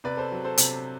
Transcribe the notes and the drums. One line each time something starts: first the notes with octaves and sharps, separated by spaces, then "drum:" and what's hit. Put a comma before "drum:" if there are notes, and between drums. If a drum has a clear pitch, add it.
C3 B4 D5
A4 C5
F#3
A4 C5
C3, drum: hi-hat